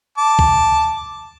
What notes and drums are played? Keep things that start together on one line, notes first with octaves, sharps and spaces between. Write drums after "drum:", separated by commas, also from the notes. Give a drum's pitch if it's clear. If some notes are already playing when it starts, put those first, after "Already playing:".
A5 D6
drum: kick